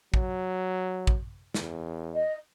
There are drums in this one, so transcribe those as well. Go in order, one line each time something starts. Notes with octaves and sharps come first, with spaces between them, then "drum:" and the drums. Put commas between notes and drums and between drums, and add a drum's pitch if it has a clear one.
F#3, drum: kick
drum: kick
E2, drum: snare
D#5